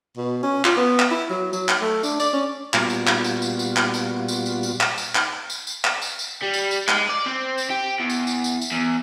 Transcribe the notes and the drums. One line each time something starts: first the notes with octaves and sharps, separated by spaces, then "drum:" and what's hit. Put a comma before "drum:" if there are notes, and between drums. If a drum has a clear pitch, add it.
B2
C#4
F4, drum: clap
B3
drum: clap
E4
F#3
F#3, drum: tambourine
drum: clap
A3
D4, drum: tambourine
D5, drum: tambourine
C#4
A#2 G3 B3 F4 F#4, drum: clap
drum: tambourine
drum: clap
drum: tambourine
drum: tambourine
drum: tambourine
drum: clap
drum: tambourine
drum: tambourine
drum: tambourine
drum: tambourine
drum: clap
drum: tambourine
drum: clap
drum: tambourine
drum: tambourine
drum: clap
drum: tambourine
drum: tambourine
G3
drum: tambourine
drum: tambourine
G#3, drum: clap
D5
C4
drum: tambourine
G4
E2
drum: tambourine
drum: tambourine
drum: tambourine
drum: tambourine
E2